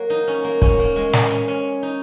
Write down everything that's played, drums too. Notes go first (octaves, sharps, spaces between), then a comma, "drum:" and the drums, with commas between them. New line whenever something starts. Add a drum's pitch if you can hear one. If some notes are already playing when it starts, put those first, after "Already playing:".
Already playing: F#3 A#3
D#4
C#4
A#3
C#4, drum: kick
A#3
G#3
G#3, drum: snare
C#4
C#4
D#4